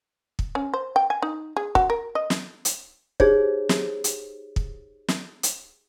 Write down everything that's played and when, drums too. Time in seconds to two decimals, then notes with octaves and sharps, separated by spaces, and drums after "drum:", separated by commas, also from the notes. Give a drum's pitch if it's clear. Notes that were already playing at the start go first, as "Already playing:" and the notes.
0.39 drum: kick
0.55 C#4
0.74 C5
0.96 G5
1.10 G#5
1.22 D#4
1.57 G#4
1.75 F#4, drum: kick
1.90 A#4
2.15 D#5
2.30 drum: snare
2.65 drum: hi-hat
3.20 D#4 G4 G#4 C5 C#5, drum: kick
3.69 drum: snare
4.04 drum: hi-hat
4.56 drum: kick
5.08 drum: snare
5.43 drum: hi-hat